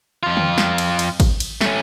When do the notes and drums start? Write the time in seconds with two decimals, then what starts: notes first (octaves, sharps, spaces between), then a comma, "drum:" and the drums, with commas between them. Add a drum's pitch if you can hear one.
0.23 F2 F4
0.37 drum: tom D3
0.58 drum: snare
0.78 drum: cymbal
0.99 drum: cymbal
1.20 drum: kick G#1, cymbal
1.40 drum: cymbal
1.61 A3 C#4, drum: snare